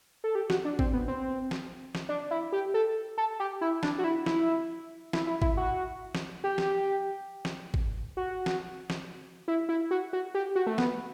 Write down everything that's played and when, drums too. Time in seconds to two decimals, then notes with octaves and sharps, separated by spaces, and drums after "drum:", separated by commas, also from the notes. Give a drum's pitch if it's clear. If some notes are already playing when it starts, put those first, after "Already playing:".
0.24 A4
0.35 G4
0.50 F#4, drum: snare
0.65 D4
0.79 C4, drum: kick
0.93 B3
1.08 C4
1.51 drum: snare
1.95 drum: snare
2.09 D4
2.31 E4
2.52 G4
2.74 A4
3.18 A4
3.40 G4
3.61 E4
3.83 D4, drum: snare
3.99 F#4
4.04 E4
4.26 E4, drum: snare
5.13 E4, drum: snare
5.27 E4
5.42 E4, drum: kick
5.57 F#4
6.15 drum: snare
6.44 G4
6.58 drum: snare
7.45 drum: snare
7.74 drum: kick
8.17 F#4
8.46 drum: snare
8.90 drum: snare
9.48 E4
9.69 E4
9.91 F#4
10.13 F#4
10.35 G4
10.56 F#4
10.67 A3
10.78 B3, drum: snare